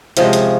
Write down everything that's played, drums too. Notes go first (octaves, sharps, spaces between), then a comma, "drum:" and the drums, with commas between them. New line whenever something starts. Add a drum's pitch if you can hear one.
C3 F3 G#3 C#4, drum: hi-hat
drum: hi-hat